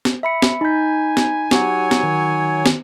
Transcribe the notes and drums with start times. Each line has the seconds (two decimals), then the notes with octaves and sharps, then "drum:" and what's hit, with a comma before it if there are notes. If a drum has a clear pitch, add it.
0.05 drum: snare
0.23 E5 B5 C#7
0.42 drum: snare
0.61 D#4 G#5 B5 G6 B6
1.17 drum: snare
1.51 F#3 G4 C#5 F#5, drum: snare
1.91 drum: snare
2.03 D#3
2.66 drum: snare